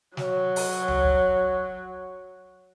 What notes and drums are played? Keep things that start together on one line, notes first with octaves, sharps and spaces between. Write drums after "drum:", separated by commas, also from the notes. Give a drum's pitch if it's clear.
F#3 F#4 C#5, drum: snare
drum: open hi-hat
drum: tom C#2
drum: kick